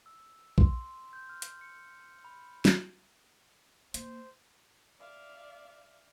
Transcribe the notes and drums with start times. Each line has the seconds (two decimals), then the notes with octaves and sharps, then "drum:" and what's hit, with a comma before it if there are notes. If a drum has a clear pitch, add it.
0.06 E6
0.58 C6, drum: kick
1.13 G6
1.29 F6
1.42 drum: hi-hat
1.61 C#7
2.25 B5
2.65 drum: snare
3.94 A#3 C5, drum: hi-hat
4.98 D5 E5 F5